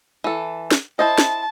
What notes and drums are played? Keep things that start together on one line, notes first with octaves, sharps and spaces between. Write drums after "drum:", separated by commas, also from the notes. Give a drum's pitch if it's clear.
E3 A4
drum: snare
E4 C5 D#5 A5
drum: snare